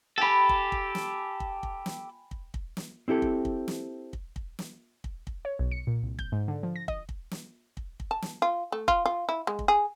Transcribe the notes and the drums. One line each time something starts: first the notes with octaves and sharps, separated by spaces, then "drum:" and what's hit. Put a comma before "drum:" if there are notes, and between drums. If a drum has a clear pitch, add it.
G4 A4 G5 G#5 B5
drum: kick
drum: kick
drum: snare
drum: kick
drum: kick
drum: snare
drum: kick
drum: kick
drum: snare
C4 E4 G4 A4
drum: kick
drum: kick
drum: snare
drum: kick
drum: kick
drum: snare
drum: kick
drum: kick
C#5
B1
C#7
A#2
C2
G6, drum: kick
G#2
D3
F3
A#6
D#5, drum: kick
drum: kick
drum: snare
drum: kick
drum: kick
A5
drum: snare
F4
A3
F4, drum: kick
F4
E4
G#3
drum: kick
G#4